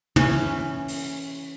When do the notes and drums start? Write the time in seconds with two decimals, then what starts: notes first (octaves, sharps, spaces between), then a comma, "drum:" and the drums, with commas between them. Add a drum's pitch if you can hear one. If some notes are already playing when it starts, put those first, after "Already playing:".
0.16 E3 C#4, drum: tom
0.88 drum: open hi-hat